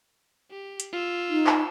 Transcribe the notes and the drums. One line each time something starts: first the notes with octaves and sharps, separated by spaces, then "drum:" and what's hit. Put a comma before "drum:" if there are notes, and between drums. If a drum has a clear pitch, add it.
G4
drum: hi-hat
F4 E6
D#4
drum: clap